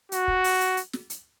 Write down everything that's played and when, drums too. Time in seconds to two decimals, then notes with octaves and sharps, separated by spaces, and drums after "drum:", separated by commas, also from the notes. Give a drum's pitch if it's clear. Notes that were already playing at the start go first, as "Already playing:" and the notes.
0.12 F#4, drum: hi-hat
0.28 drum: kick
0.44 drum: open hi-hat
0.61 drum: hi-hat
0.77 drum: hi-hat
0.93 drum: snare
1.10 drum: hi-hat